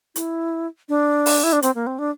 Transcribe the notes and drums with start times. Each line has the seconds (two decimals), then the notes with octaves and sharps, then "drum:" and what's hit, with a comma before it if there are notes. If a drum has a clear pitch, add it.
0.16 E4, drum: hi-hat
0.89 D4
1.26 drum: open hi-hat
1.43 E4
1.53 D4
1.62 C4, drum: hi-hat
1.75 A#3
1.87 C4
1.99 D4